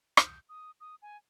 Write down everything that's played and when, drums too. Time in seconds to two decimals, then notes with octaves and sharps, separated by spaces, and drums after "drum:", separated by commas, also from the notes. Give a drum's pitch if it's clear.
0.17 G6, drum: rim click
0.49 D#6
0.81 D#6
1.02 G#5